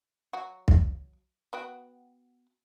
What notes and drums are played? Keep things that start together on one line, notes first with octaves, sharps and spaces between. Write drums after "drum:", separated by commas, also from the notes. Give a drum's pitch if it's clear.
F#3 F#4
drum: kick
B3 F#4 G5